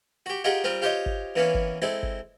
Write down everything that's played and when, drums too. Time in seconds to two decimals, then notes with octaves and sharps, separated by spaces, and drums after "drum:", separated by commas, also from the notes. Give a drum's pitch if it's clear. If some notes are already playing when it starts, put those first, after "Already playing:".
0.26 F#4 G4
0.44 F4 G4 G#4 A#4 D#5 F#5
0.64 G3 C4 F4 A#4
0.82 F4 G4 C5 C#5 D#5
1.06 drum: kick G1
1.36 E3 A#3 B3 C#4
1.54 drum: kick G1
1.82 G#3 C4 E4 A4
2.03 drum: kick G1